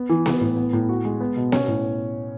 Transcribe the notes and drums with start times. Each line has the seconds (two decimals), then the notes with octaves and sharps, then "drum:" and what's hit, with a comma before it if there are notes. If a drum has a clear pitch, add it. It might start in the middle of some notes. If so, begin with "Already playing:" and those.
Already playing: B3
0.09 E3
0.26 B3, drum: snare B3
0.41 A2
0.57 B3
0.73 A2
0.89 F#4
1.05 G#3
1.20 B3
1.36 B2
1.52 C#4, drum: snare B3
1.68 A2